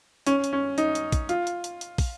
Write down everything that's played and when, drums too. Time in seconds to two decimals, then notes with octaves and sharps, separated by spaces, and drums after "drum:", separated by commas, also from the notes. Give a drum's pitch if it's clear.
0.27 C#4, drum: hi-hat
0.44 drum: hi-hat
0.53 C#4
0.78 D#4, drum: hi-hat
0.95 drum: hi-hat
1.12 drum: kick, hi-hat
1.29 F4, drum: hi-hat
1.47 drum: hi-hat
1.64 drum: hi-hat
1.81 drum: hi-hat
1.98 drum: kick, open hi-hat